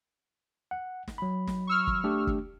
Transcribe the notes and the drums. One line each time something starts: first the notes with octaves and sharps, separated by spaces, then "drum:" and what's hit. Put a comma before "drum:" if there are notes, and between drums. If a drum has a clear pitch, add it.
F#5
drum: snare
F#3 B5
drum: snare
C#6 E6 F6
drum: kick
A3 D4 G4
drum: kick